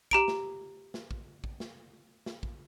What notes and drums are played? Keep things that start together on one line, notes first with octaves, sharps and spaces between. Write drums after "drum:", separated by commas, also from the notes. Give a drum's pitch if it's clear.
G4 A#5 D7, drum: kick
drum: snare
drum: snare
drum: kick
drum: kick
drum: snare
drum: snare
drum: kick